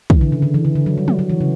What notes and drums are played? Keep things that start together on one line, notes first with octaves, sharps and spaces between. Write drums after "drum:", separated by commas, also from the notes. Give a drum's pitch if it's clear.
E3, drum: kick
D3
C#3
D3
E3
D3
D3
F#3
G3
F#3, drum: tom
F#3
E3
C#3